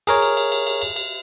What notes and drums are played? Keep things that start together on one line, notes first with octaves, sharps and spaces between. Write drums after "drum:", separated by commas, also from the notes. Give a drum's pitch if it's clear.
G#4 A#4 C#5, drum: cymbal
drum: cymbal
drum: cymbal
drum: cymbal
drum: cymbal
drum: cymbal
drum: cymbal